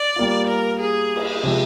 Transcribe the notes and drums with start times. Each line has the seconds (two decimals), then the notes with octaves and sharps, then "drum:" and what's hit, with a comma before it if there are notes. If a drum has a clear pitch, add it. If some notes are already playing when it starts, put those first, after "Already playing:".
Already playing: D5
0.16 G3 A#3 F4
0.48 A#4
0.80 G#4
1.16 drum: cymbal
1.43 C3 F3 G#3